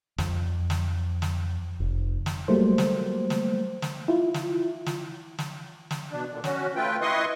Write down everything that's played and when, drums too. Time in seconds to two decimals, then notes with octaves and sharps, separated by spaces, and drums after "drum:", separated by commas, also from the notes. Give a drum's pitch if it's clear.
0.18 F2, drum: snare
0.70 drum: snare
1.22 drum: snare
1.80 F1
2.26 drum: snare
2.48 F#3 G3 A3 A#3 C5
2.78 drum: snare
3.30 drum: snare
3.82 drum: snare
4.08 E4 F4
4.34 drum: snare
4.86 drum: snare
5.39 drum: snare
5.91 drum: snare
6.11 B2 D4
6.31 A#2 D3
6.44 C#4 F#4, drum: snare
6.76 A3 C4 F4 B4 G5
7.01 E4 B4 D#5 C6 C#6 D#6